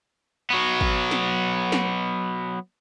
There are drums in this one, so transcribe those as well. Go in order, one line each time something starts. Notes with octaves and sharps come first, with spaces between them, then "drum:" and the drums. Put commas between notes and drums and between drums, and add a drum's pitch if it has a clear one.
F#3 B3
drum: kick
drum: snare
drum: snare